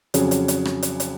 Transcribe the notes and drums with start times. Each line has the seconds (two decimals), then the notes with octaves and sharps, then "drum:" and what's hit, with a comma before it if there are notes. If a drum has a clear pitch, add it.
0.14 F2 C#3 F#3 C#4 G#4, drum: hi-hat
0.31 drum: hi-hat
0.48 drum: hi-hat
0.65 drum: rim click
0.83 drum: hi-hat
1.00 drum: hi-hat